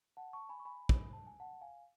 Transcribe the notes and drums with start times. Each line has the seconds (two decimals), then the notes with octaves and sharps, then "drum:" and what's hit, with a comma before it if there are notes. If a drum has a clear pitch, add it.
0.17 F#5 A5
0.33 A5 C#6
0.49 G#5 B5
0.60 C#6
0.65 G#5 B5
0.89 drum: kick
1.13 A5
1.27 G#5
1.40 F#5 A5
1.61 F5 G#5